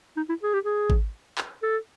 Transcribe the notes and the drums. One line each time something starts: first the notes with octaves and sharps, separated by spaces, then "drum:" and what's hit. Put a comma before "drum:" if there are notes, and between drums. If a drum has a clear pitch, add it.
D#4
E4
G#4
G4
G#4
drum: kick G#1
drum: clap
A4